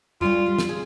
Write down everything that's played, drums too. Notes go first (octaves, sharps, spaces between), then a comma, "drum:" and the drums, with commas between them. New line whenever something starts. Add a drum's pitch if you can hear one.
D2 G3 F4 C#5, drum: tom F2
G3
drum: snare
G#4